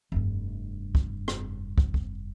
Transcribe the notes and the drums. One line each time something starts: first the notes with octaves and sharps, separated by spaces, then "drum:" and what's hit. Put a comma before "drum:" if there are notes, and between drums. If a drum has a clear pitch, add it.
F1 G2
drum: kick
drum: rim click
drum: kick
drum: kick